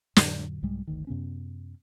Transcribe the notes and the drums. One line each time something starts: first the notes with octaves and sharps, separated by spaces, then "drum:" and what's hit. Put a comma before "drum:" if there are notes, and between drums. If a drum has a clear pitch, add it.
F2 A2 D3 F#3, drum: snare
C2 G#2 G3 G#3
G1 D2 D#3
F#2 C3 B3 C#4